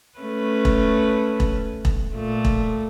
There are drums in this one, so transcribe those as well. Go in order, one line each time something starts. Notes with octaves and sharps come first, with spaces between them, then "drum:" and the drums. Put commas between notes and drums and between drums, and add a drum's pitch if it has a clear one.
A3 C#4 B4
drum: kick E1
drum: kick E1
drum: kick E1
A#2 A3
drum: kick E1